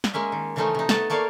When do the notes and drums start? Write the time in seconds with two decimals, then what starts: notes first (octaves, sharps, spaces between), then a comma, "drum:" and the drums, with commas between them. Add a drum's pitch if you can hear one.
0.04 drum: snare
0.14 G#3 A#3 C#4 E5
0.32 D#3
0.56 C#3 E3 F3 A3 C#4 D#4
0.75 C3 D#4
0.89 A3 B3 A5, drum: snare
1.10 A3 A#3 C#5 D5 F5